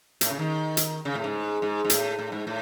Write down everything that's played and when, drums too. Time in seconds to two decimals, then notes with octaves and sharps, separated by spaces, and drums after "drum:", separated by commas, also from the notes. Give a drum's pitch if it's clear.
0.21 A2, drum: hi-hat
0.30 C#3
0.39 D#3
0.77 drum: hi-hat
1.05 C#3
1.15 A2
1.24 G#2
1.62 G#2
1.85 G#2
1.90 A2, drum: hi-hat
2.19 A2
2.32 G#2
2.47 A2